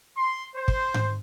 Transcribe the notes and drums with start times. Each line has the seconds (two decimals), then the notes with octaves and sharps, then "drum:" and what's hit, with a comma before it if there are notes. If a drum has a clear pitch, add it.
0.15 C6
0.55 C5
0.68 drum: kick
0.94 drum: tom G#2